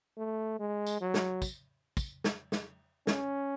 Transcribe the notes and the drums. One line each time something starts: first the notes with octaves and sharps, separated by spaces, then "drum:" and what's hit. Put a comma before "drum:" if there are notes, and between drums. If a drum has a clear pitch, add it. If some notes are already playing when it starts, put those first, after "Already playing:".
A3
G#3
drum: tambourine
F#3
drum: snare
drum: kick, tambourine
drum: kick, tambourine
drum: snare
drum: snare
C#4, drum: snare